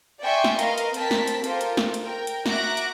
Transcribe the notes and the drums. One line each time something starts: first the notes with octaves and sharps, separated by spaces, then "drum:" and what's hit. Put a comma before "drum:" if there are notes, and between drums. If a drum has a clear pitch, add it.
D5 E5 G5 G#5 C6 C#6
drum: snare
A#4 B4 D#5 F5, drum: hi-hat
drum: hi-hat
C4 A#4 A5 B6, drum: hi-hat
drum: snare
drum: hi-hat
F4 G4 A4 A#4 C5, drum: hi-hat
drum: hi-hat
drum: snare
drum: hi-hat
A#4 G5
drum: hi-hat
F#4 E5 A#5 D6 F#6 A#6, drum: snare
drum: hi-hat